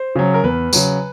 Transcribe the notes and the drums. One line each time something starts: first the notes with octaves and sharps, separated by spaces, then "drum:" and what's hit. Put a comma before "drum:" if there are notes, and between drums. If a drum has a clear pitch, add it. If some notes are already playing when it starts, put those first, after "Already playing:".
Already playing: C5
C#3 F#3
A#4
E2 B4
C#3 F#3, drum: tambourine